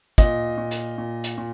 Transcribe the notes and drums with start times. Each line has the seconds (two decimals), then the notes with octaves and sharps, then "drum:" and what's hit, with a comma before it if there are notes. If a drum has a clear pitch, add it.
0.18 A#2 D#5, drum: kick, hi-hat
0.58 A#2
0.71 drum: hi-hat
0.98 A#2
1.24 drum: hi-hat
1.38 A#2